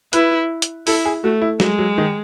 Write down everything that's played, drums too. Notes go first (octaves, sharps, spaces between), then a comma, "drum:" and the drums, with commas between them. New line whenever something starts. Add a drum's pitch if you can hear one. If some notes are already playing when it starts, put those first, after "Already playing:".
E4 B4, drum: hi-hat
drum: hi-hat
E4 A4, drum: open hi-hat
G#4
A3 F#4
E4
F#3 G#3, drum: snare
F#3
D#3